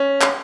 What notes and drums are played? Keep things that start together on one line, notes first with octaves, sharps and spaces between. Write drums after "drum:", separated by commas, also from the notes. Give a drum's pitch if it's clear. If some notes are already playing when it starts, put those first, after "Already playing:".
Already playing: C#4
drum: clap